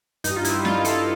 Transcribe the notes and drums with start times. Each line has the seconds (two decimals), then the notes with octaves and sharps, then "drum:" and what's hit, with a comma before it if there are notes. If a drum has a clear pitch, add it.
0.24 G2 D#4, drum: hi-hat
0.36 F4
0.45 E4, drum: hi-hat
0.51 G3
0.65 F4, drum: snare
0.78 G2
0.85 A4, drum: hi-hat